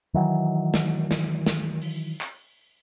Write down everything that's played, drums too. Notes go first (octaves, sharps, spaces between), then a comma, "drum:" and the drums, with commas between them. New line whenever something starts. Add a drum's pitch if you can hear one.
D#3 E3 F#3
drum: snare
drum: snare
drum: snare
drum: open hi-hat
drum: clap